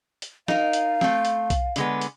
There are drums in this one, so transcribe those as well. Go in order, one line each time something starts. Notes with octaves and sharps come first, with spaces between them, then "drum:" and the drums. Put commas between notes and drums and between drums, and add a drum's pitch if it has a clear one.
drum: hi-hat
D#4 A#4 F5, drum: snare
drum: hi-hat
A3 C4, drum: snare
drum: hi-hat
drum: kick B1, hi-hat
D3 G#3 B3, drum: hi-hat
drum: hi-hat